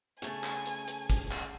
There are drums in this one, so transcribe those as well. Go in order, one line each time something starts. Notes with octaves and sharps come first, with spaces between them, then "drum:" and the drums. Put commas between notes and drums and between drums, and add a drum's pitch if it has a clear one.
C#3 A3 G#5 A5, drum: hi-hat
drum: clap
drum: hi-hat
drum: hi-hat
drum: kick, hi-hat
drum: clap